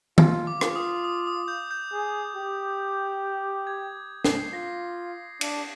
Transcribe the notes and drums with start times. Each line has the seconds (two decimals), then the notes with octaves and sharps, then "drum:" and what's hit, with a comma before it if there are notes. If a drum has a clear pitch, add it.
0.18 F4, drum: tom
0.47 D6
0.61 F4, drum: rim click
0.76 D#6
1.04 D#6
1.27 D#6
1.48 G6
1.71 G6
1.93 G#4
2.36 G4
3.67 G#6
4.24 C7, drum: snare
4.53 F4 A#6
5.41 D4, drum: cymbal